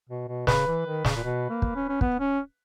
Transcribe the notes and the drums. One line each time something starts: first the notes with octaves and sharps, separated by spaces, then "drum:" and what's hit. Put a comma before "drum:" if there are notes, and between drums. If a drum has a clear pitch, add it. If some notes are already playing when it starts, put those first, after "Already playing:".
B2
B2
C#3 B4, drum: snare
E3
D#3
C#3, drum: snare
A#2
B2
A#3
drum: kick
C#4
C#4
B3, drum: kick
C#4